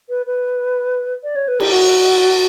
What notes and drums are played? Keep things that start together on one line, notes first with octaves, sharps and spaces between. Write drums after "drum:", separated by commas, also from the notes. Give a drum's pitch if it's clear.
B4
B4
D5
C#5
B4
G4, drum: cymbal
F#4